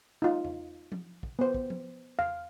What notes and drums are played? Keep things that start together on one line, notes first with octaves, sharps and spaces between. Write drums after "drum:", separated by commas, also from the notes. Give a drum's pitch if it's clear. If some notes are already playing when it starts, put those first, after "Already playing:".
D#4 F4
drum: tom E2
drum: tom F3
drum: kick
B3 C5
drum: kick
drum: tom F3
F5, drum: tom E2